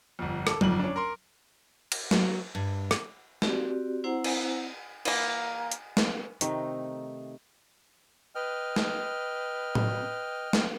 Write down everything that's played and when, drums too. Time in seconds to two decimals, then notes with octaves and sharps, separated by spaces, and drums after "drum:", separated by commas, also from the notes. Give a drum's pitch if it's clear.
0.19 G1 F2
0.47 A4 D6, drum: rim click
0.61 G1 F2 F#7, drum: tom F#3
0.79 C#4 D4
0.96 A#4 C6
1.92 drum: cymbal
2.11 F#3, drum: snare
2.55 G2
2.91 drum: rim click
3.42 C4 F#4 G4 D5, drum: snare
4.04 C4 E4 C5 F#5 A#5
4.24 drum: cymbal
5.05 E3 A#3, drum: cymbal
5.71 drum: hi-hat
5.97 drum: snare
6.41 C3 D#3 A3 D#4, drum: hi-hat
8.35 B4 D#5 G5 F6
8.76 drum: snare
9.75 drum: tom A2
10.53 drum: snare